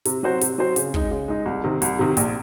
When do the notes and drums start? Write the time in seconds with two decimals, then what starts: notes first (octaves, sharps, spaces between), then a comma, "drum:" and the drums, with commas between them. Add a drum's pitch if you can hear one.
0.05 C3, drum: hi-hat
0.23 F#3 C4 F#4 C5
0.41 C3, drum: hi-hat
0.58 F#3 C4 F#4 C5
0.76 C#3, drum: hi-hat
0.94 G#3 D#4, drum: kick
1.11 C#3
1.28 G#3 D#4
1.46 C2
1.64 C3 D#3
1.82 C2, drum: hi-hat
1.99 C3 D#3
2.17 A#1, drum: hi-hat